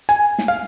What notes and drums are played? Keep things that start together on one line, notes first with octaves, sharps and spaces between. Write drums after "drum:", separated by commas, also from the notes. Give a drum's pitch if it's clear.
G#5, drum: hi-hat
drum: snare
F5